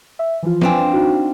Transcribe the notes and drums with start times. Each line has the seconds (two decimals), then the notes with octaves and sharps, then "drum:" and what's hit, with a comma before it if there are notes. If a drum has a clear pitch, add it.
0.19 E5
0.43 E3 F3 F4
0.61 C4 D4 F4 B4 C5 G#5, drum: tom
0.93 D#4 F#4